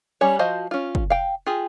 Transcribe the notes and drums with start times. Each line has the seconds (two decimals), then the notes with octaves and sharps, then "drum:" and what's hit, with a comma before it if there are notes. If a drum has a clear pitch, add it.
0.21 G3 C#4 C#5
0.39 F3 F#4 C5 D#5 F5
0.71 C#4 F4
0.95 drum: kick
1.10 F5 G5
1.47 F4 G4 G#4